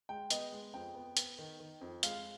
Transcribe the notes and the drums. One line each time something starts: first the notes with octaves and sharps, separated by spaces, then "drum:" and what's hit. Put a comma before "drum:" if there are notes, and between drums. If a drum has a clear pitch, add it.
G#3 G5
B3 D#5, drum: hi-hat
G#3
F2 G5
B3
B3, drum: hi-hat
D#3
D#3
F2
G#3 F5, drum: hi-hat